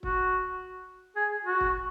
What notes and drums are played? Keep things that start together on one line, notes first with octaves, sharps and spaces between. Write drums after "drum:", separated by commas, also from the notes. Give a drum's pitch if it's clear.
F#4, drum: kick
G#4
F#4
drum: kick